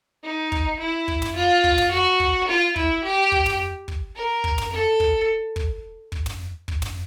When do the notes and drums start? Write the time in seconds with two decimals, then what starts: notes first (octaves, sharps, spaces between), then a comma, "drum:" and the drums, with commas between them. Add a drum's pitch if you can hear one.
0.23 D#4
0.52 drum: kick
0.79 E4
1.08 drum: kick
1.22 drum: tom
1.35 F4
1.64 drum: kick
1.78 drum: tom
1.91 F#4
2.20 drum: kick
2.48 F4
2.76 E4, drum: kick
3.04 G4
3.32 drum: kick
3.46 drum: tom
3.88 drum: kick
4.15 A#4
4.44 drum: kick
4.58 drum: tom
4.72 A4
5.00 drum: kick
5.56 drum: kick
6.12 drum: kick
6.26 drum: tom
6.68 drum: kick
6.82 drum: tom